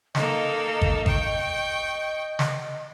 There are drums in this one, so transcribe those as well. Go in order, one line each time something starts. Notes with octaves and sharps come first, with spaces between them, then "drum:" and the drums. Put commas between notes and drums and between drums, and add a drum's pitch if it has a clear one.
A#3 D#4 A4 D#5, drum: snare
drum: kick
G5 C#6, drum: kick
drum: snare